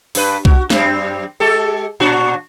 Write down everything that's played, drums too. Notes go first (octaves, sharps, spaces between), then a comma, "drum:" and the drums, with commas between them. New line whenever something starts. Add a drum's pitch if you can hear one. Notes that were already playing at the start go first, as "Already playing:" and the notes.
G2 B4, drum: open hi-hat
F#4, drum: kick C2
F#2 G3 C4, drum: snare
G#3 G4 A4
A#2 D4 F#4